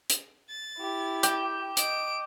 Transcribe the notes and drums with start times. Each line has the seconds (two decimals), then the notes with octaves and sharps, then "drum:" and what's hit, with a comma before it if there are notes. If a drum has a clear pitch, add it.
0.10 drum: hi-hat
0.50 A6
0.79 E4 G4
1.23 G5 D6, drum: hi-hat
1.77 D#5 D7, drum: hi-hat